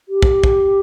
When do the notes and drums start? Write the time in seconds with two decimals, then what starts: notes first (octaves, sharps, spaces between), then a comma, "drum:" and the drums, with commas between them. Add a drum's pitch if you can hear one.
0.09 G4
0.22 drum: kick
0.44 drum: kick